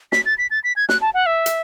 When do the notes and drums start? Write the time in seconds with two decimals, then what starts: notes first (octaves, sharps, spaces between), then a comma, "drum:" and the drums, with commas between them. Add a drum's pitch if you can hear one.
0.12 B6, drum: snare
0.26 A6
0.38 B6
0.51 A6
0.64 B6
0.76 G#6
0.89 F#6, drum: snare
1.01 A5
1.14 F#5
1.26 E5
1.46 drum: hi-hat